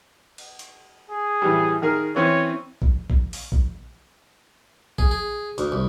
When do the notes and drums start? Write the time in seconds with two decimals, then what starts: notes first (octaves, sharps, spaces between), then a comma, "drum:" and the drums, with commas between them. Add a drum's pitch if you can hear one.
0.38 drum: cymbal
0.59 drum: hi-hat
1.10 G#4
1.42 A2 E3 G3
1.82 D#3 G#4 A#4
2.16 E3 C4 C#4 C#5
2.82 drum: kick A#1
3.10 drum: kick A#1
3.33 drum: open hi-hat
3.52 drum: kick A#1
4.98 G#4, drum: kick A#1
5.11 G#4
5.58 D2, drum: hi-hat
5.72 C2